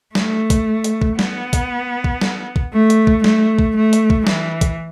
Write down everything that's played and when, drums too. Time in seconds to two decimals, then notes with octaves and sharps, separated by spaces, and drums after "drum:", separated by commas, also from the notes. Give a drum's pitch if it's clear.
0.15 A3, drum: snare
0.50 drum: kick, hi-hat
0.84 drum: hi-hat
1.02 drum: kick
1.19 B3, drum: snare
1.53 drum: kick, hi-hat
2.04 drum: kick
2.21 drum: snare
2.56 drum: kick
2.73 A3
2.90 drum: hi-hat
3.07 drum: kick
3.24 A3, drum: snare
3.59 drum: kick
3.76 A3
3.93 drum: hi-hat
4.10 drum: kick
4.27 E3, drum: snare
4.61 drum: kick, hi-hat